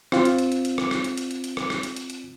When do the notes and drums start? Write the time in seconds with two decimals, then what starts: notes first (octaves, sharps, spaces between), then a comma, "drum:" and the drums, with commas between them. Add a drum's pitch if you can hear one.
0.12 C4 F4, drum: rim click
0.25 drum: hi-hat
0.39 drum: hi-hat
0.52 drum: hi-hat
0.65 drum: hi-hat
0.78 drum: rim click
0.91 drum: rim click
1.04 drum: hi-hat
1.17 drum: hi-hat
1.31 drum: hi-hat
1.44 drum: hi-hat
1.57 drum: rim click
1.70 drum: rim click
1.83 drum: hi-hat
1.96 drum: hi-hat
2.10 drum: hi-hat